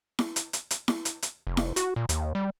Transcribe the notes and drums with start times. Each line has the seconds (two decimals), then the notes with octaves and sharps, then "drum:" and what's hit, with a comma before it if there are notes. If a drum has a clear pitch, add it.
0.19 drum: snare E4
0.36 drum: hi-hat
0.53 drum: hi-hat
0.71 drum: hi-hat
0.88 drum: snare E4
1.05 drum: hi-hat
1.22 drum: hi-hat
1.47 F1
1.57 drum: snare E4
1.76 F#4, drum: hi-hat
1.96 A#2
2.09 D#2, drum: hi-hat
2.35 G3